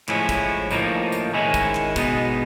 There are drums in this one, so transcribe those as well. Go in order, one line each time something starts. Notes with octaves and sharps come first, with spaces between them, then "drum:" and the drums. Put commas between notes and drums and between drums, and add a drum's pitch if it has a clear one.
A2 F3 G#3 C#4 E4, drum: clap
drum: kick, tambourine
A2 F3 A#3 D#4, drum: tambourine
drum: tambourine
D#3 G#3 C#4 E4
drum: kick, tambourine
drum: clap
B2 G#3 B3 D#4, drum: kick, tambourine